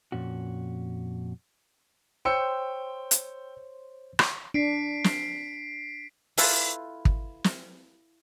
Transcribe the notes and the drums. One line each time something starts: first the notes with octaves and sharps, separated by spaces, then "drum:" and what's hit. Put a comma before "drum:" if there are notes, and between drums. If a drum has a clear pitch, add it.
F2 A#2 C#4 F#4
C5 C#5 G5 C6 E6 C#7
drum: hi-hat
drum: rim click
D4 B6 C7 D7
drum: snare
E4 F4 A4 B4, drum: open hi-hat
drum: kick
drum: snare